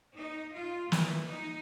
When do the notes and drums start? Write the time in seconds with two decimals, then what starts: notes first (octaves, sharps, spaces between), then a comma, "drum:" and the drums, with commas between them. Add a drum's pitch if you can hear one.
0.16 D#4
0.54 F4
0.92 E3, drum: snare
1.27 D#4